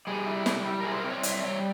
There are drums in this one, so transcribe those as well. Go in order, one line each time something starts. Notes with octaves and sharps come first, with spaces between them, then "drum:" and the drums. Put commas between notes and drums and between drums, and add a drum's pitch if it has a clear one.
G3 G#4
E4
G3, drum: snare
G3
A#4
E4 G#4
C5
A#4
C4
C#5
G3 C#5, drum: hi-hat
E5
G3 C#5